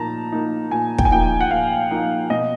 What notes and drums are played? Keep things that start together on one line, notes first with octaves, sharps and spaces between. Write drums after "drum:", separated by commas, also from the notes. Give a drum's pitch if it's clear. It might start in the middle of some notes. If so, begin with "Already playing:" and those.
Already playing: A#2 F3 A#3 D#4 A5 A#5
F3 A#3 D#4
A#2 G#5
G5, drum: kick
G#5
F3 A#3 D#4 G5
F#5
A#2 F5
F3 A#3 D#4
B2 D#5